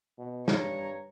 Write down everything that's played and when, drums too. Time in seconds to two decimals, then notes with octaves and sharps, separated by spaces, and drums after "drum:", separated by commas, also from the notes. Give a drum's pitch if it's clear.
0.18 B2
0.48 G2 C#5 A#5, drum: snare